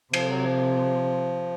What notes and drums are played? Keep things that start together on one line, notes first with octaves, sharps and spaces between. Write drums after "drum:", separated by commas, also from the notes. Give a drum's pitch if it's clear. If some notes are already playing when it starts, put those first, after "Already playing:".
C3 F3, drum: cymbal
F#3
F3